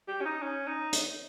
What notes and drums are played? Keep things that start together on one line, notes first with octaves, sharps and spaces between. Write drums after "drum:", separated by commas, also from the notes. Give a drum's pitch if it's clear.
G4
C#4
D#4
C#4
D#4
drum: hi-hat